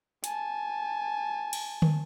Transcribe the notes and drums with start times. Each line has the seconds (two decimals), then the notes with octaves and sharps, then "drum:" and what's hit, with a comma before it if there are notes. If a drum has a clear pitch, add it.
0.24 G#5 A5, drum: hi-hat
1.53 drum: cymbal
1.82 drum: tom D3